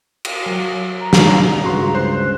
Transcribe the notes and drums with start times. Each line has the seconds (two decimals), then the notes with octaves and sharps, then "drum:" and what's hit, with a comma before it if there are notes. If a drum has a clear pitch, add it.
0.25 drum: cymbal
0.46 F#3
1.01 A#5
1.13 drum: snare
1.63 C#2 G2 C#3 F#4 C6
1.95 C5 C6 F#6